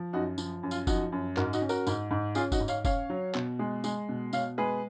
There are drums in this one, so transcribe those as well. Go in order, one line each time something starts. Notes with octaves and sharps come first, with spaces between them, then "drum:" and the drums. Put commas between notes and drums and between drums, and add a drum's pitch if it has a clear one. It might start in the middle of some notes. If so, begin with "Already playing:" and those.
Already playing: F3
F#2 D#4 F#4
F3, drum: tambourine
F#2
F4, drum: tambourine
F3 D#4 F#4, drum: kick F1, tambourine
F#2
G#2 F#4 A#4, drum: clap
D#4 F#4, drum: tambourine
C#4
F#4 A#4, drum: tambourine
G#2, drum: tambourine
G#2
C#4 F4 G#4, drum: tambourine
D#4 F#4, drum: kick F1, tambourine
G#2
C#5 F5, drum: tambourine
C#4 C#5 F5, drum: kick F1, tambourine
F#3
B2, drum: clap
G#3
G#3, drum: tambourine
B2
B2 C#5 F5, drum: tambourine
G#3 G#4 B4